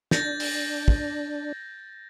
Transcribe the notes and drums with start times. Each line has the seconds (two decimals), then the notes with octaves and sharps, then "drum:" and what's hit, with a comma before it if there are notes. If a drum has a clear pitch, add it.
0.11 D4 G6 A6 A#6, drum: snare
0.40 drum: open hi-hat
0.88 drum: kick